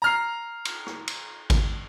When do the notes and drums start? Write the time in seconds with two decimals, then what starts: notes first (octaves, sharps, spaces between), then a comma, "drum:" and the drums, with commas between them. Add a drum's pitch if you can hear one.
0.02 A#5 F6 C7
0.65 drum: cymbal
0.86 drum: rim click
1.08 drum: cymbal
1.50 drum: kick G#1, cymbal